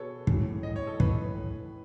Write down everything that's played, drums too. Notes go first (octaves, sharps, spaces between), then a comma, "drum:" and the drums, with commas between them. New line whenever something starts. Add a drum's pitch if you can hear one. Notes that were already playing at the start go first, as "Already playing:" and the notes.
Already playing: B2 G#4 A4 B4 C#5
A2 G#3 C#4 F#4, drum: kick
D#5
C#5
A4
B4, drum: kick